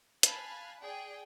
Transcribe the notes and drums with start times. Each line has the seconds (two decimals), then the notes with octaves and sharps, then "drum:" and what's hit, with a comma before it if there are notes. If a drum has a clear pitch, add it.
0.23 F5 G#5 A5 B5 F#6, drum: hi-hat
0.80 G#4 D5 G5